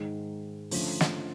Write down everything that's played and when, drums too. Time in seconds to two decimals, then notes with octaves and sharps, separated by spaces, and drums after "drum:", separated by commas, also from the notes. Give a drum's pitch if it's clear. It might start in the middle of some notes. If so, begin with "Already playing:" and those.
Already playing: G#2 D#3 G#3
0.71 D3 F3 A3 C#4, drum: open hi-hat
1.01 drum: snare